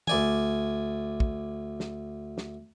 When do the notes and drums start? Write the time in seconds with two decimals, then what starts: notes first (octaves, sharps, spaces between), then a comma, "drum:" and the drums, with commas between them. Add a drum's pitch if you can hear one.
0.07 D2 D5 G#5, drum: tom
1.20 drum: kick
1.80 drum: snare
2.38 drum: snare